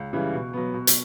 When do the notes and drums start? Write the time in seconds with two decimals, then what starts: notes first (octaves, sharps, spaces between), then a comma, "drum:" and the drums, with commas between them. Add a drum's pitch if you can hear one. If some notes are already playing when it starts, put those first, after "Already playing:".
Already playing: C#2
0.13 C#3 E3 G3
0.33 B2
0.53 F#3 B3
0.74 B2
0.87 drum: hi-hat